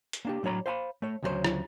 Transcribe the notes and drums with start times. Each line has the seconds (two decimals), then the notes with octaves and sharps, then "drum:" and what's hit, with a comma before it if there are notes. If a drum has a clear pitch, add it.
0.13 drum: hi-hat
0.25 A#3 D4 G4
0.43 A2 F#3 D4 C#5 A#5 B5
0.66 C5 F5 G#5 B5
1.02 A3 C#5
1.23 D2 C#3 F#3 F#4 C5 C#5
1.44 drum: rim click